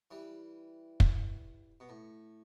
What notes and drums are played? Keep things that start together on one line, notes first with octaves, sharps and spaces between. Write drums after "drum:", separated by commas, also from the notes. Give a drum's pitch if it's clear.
E3 G3
drum: kick
B2
A2